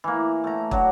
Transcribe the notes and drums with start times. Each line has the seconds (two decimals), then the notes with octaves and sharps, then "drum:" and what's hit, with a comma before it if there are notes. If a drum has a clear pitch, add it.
0.04 E3 A#3
0.44 A3 A#5
0.71 F#3 D4 F#4, drum: kick